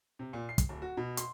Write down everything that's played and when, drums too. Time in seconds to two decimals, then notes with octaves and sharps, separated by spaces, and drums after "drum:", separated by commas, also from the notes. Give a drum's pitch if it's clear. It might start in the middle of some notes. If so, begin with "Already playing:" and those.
0.19 C3
0.33 A#2
0.49 C7
0.58 drum: kick, hi-hat
0.69 D1
0.82 F#4
0.97 B2
1.17 C6, drum: hi-hat